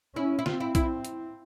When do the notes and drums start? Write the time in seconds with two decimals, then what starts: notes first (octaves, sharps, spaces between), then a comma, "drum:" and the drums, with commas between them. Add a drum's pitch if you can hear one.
0.16 C#4 E4
0.39 E4
0.46 C4 F4, drum: snare
0.60 E4
0.75 E4, drum: kick B1, hi-hat
1.05 drum: hi-hat